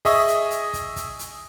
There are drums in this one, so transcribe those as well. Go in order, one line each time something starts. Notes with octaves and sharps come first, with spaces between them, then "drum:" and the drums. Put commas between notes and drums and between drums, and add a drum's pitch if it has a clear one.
G#4 D#5 E5 C#6 D#6, drum: kick, open hi-hat
drum: hi-hat
drum: hi-hat
drum: kick, hi-hat
drum: kick, hi-hat
drum: hi-hat